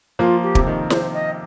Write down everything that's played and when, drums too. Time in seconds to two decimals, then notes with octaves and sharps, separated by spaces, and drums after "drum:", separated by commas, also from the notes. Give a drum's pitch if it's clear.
0.19 F3 A#3 F4
0.43 G4
0.55 C3, drum: kick
0.67 D#3
0.90 C5, drum: snare
1.14 D#5